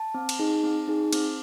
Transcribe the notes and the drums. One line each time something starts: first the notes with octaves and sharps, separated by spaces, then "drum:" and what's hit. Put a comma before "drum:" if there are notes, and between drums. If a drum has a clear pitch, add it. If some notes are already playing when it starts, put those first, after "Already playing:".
Already playing: A5
C4
drum: cymbal
D#4 G#4
C4
D#4 G#4
C4, drum: cymbal